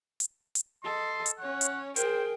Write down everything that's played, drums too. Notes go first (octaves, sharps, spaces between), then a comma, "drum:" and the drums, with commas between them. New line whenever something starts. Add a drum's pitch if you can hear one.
drum: hi-hat
drum: hi-hat
A4 D#5 C6
drum: hi-hat
C#4 C#5 F#5
drum: hi-hat
G#4 A#4 C5 G5, drum: hi-hat